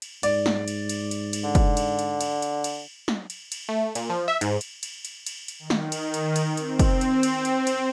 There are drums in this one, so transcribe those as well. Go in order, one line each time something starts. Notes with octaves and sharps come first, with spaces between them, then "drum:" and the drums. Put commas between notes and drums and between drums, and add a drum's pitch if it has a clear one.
drum: cymbal
G#2 D5, drum: cymbal
drum: snare
drum: cymbal
drum: cymbal
drum: cymbal
drum: cymbal
D3
drum: kick, cymbal
drum: cymbal
drum: cymbal
drum: cymbal
drum: cymbal
drum: cymbal
drum: snare
drum: cymbal
drum: cymbal
A3
A#2, drum: cymbal
F3
E5
G#2, drum: cymbal
drum: cymbal
drum: cymbal
drum: cymbal
drum: cymbal
drum: cymbal
D#3
drum: snare
drum: cymbal
drum: cymbal
drum: cymbal
C4, drum: cymbal
drum: kick, cymbal
drum: cymbal
drum: cymbal
drum: cymbal
drum: cymbal